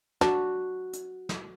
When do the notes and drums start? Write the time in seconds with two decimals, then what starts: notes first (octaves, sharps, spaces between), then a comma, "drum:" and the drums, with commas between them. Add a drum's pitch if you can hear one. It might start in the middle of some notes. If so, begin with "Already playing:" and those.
0.21 D4 F#4, drum: snare
0.93 drum: hi-hat
1.29 drum: snare